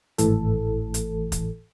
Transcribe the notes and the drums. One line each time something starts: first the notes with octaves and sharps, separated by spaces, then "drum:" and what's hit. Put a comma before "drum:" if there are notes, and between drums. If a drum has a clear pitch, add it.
G#1 A2 E3 A4, drum: hi-hat
drum: hi-hat
drum: kick, hi-hat